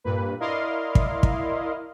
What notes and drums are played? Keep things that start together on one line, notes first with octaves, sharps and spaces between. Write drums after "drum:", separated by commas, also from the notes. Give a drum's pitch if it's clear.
G2 A#2 A#3 B4
E4 A#4 D5 D#5 F5 C6
drum: kick
drum: kick